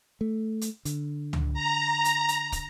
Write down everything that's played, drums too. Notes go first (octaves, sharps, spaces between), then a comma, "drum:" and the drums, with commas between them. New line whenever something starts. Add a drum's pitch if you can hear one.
A3
drum: hi-hat
D3, drum: hi-hat
drum: tom C#2
A#5
drum: hi-hat
drum: hi-hat
drum: kick, hi-hat